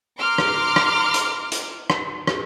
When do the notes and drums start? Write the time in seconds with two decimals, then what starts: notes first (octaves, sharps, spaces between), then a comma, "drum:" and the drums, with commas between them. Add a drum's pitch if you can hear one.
0.19 A#5 C6 D6 F6
0.38 drum: rim click
0.76 drum: rim click
1.14 drum: hi-hat
1.52 drum: hi-hat
1.90 drum: rim click
2.27 drum: rim click